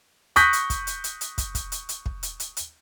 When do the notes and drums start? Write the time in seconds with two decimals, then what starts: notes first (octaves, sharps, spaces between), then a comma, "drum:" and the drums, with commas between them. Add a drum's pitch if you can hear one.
0.36 C#6 D#6 F#6 G6 A#6 B6, drum: hi-hat
0.53 drum: hi-hat
0.70 drum: kick, hi-hat
0.87 drum: hi-hat
1.04 drum: hi-hat
1.21 drum: hi-hat
1.38 drum: kick, hi-hat
1.55 drum: kick, hi-hat
1.72 drum: hi-hat
1.89 drum: hi-hat
2.06 drum: kick
2.23 drum: hi-hat
2.40 drum: hi-hat
2.57 drum: hi-hat